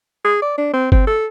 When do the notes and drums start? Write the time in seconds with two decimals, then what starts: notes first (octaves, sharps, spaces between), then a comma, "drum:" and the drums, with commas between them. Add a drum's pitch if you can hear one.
0.25 G#4
0.42 D5
0.58 D4
0.74 C4
0.92 C4, drum: kick G1
1.07 A4